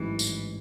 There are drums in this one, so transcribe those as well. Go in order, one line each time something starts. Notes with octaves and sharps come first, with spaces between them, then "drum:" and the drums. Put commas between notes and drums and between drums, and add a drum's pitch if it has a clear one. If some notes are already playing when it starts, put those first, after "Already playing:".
Already playing: A1 G#2 E3 F#3
drum: tambourine